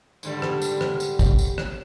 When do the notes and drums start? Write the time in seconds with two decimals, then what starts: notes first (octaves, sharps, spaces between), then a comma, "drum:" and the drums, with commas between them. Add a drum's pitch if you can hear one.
0.23 G#2 D3 G3, drum: tambourine
0.42 drum: rim click
0.62 drum: tambourine
0.81 drum: rim click
1.00 drum: tambourine
1.19 drum: kick, tambourine
1.39 drum: tambourine
1.58 drum: rim click